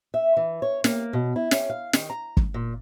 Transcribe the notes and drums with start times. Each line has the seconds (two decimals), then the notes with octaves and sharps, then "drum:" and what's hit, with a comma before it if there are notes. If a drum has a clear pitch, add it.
0.14 E5
0.37 E3
0.62 C#5
0.84 A#3, drum: snare
1.13 B2
1.36 E4
1.51 C#4, drum: snare
1.70 F5
1.93 D#3, drum: snare
2.10 A#5
2.37 drum: kick
2.54 A#2